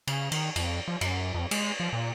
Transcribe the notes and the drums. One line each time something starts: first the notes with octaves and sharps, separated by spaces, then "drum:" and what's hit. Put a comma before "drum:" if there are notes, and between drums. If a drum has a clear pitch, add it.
C#3, drum: cymbal
D#3, drum: cymbal
F2, drum: cymbal
F3
F#2, drum: cymbal
F2
G#3, drum: cymbal
F3
A#2